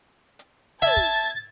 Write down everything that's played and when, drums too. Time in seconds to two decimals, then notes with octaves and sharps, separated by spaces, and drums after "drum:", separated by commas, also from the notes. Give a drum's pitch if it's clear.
0.39 drum: hi-hat
0.82 E5 A5 G#6 A6, drum: tom
0.97 drum: kick